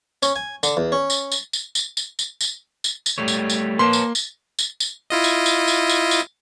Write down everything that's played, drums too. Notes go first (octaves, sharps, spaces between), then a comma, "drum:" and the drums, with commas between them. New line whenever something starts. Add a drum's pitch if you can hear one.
C#4, drum: tambourine
G#5
D3, drum: tambourine
E2
C#4
drum: tambourine
drum: tambourine
drum: tambourine
drum: tambourine
drum: tambourine
drum: tambourine
drum: tambourine
drum: tambourine
drum: tambourine
G3 A3 C#5
drum: tambourine
drum: tambourine
A#3 B4 C#5 A5 C6
drum: tambourine
drum: tambourine
drum: tambourine
drum: tambourine
E4 F4 D#5
drum: tambourine
drum: tambourine
drum: tambourine
drum: tambourine
drum: tambourine